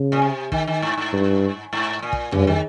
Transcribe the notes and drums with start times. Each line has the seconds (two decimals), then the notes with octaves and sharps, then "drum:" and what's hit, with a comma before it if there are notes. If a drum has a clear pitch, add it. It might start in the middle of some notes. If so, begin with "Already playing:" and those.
Already playing: C#3
0.12 A#2
0.22 C3
0.52 D#3, drum: kick
0.68 D#3
0.82 G#2
0.98 G#2
1.13 G2
1.73 G#2
2.03 A#2
2.13 drum: kick
2.32 G2 C#3, drum: tom F2
2.47 D#3